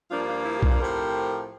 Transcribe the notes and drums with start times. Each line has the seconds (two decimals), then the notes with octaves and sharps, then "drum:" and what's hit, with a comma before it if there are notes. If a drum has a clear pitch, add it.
0.10 G2 F3 A#3 D4 F4
0.28 D4 F4
0.45 E4
0.57 G4
0.63 D4 F4, drum: kick B1
0.80 A2 F3 C4 G4 A#4